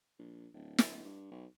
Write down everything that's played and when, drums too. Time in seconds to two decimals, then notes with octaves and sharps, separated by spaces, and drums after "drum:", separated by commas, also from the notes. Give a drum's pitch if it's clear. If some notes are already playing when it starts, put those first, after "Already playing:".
0.19 A#1
0.54 D1
0.78 drum: snare
1.04 G2
1.31 B1